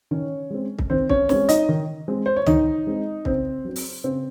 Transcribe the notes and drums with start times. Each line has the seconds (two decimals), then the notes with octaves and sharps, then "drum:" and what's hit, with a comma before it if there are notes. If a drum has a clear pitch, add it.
0.11 D#3 C#4 C#5
0.50 G#3 C4
0.78 drum: kick C2
0.90 D#3 C4 C5
1.09 C#4 C#5, drum: kick C2
1.29 G#3 C4 C#4 C#5, drum: snare
1.49 D#4 D#5, drum: hi-hat
1.69 D#3
2.08 G#3 C4
2.26 C5
2.36 C#5
2.46 D#3 D#4 D#5, drum: tom
2.87 G#3 C4
3.25 C#3 C4 C5, drum: kick C2
3.64 F#3 C4
3.76 drum: open hi-hat
4.04 C#3 C4 C5